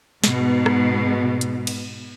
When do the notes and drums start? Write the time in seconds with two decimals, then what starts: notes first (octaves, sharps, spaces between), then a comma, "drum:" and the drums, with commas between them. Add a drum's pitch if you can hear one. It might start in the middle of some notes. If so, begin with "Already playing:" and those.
0.24 G#2 B2, drum: snare
0.66 drum: rim click
1.41 drum: hi-hat
1.67 drum: cymbal